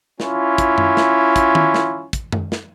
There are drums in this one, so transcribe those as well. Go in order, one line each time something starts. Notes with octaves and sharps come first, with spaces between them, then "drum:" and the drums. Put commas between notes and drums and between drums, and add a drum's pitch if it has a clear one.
C#4 E4 F4, drum: snare
drum: kick, hi-hat
drum: tom F#2
drum: snare
drum: kick, hi-hat
drum: tom D#3
drum: snare
drum: kick, hi-hat
drum: tom F#2
drum: snare